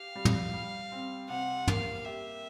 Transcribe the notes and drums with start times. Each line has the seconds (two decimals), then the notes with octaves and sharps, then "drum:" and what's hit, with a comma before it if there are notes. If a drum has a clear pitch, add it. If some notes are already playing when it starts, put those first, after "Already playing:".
Already playing: G4 F5
0.16 G3
0.25 drum: tom
0.53 G3
0.92 C4
1.29 C3 F#5
1.67 A#3 F5, drum: tom
2.05 G4 E5